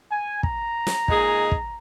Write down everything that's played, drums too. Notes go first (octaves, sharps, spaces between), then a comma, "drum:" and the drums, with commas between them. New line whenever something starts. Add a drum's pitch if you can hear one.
G#5
A#5, drum: kick
drum: snare
A#2 G#3 D#4 G#4, drum: kick
drum: kick